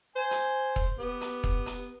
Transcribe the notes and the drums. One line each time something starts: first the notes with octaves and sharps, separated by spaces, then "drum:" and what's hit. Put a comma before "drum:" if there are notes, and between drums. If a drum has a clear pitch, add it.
C5 G#5
drum: hi-hat
drum: kick
B3 G4
drum: hi-hat
drum: kick
drum: hi-hat